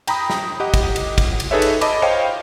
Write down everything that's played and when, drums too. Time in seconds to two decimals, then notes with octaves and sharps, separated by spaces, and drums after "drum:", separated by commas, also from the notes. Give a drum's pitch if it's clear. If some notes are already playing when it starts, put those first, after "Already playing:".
0.07 G5 A#5 B5 D#6, drum: cymbal
0.30 drum: snare
0.60 G4 D#5 F#5
0.74 drum: kick, cymbal
0.96 drum: cymbal
1.18 drum: kick, cymbal
1.40 drum: cymbal
1.51 D#4 G#4 A4 B4 C#5 E5
1.62 drum: cymbal
1.81 D#5 A5 B5 D6, drum: cymbal
2.02 C5 C#5 D#5 F5 G5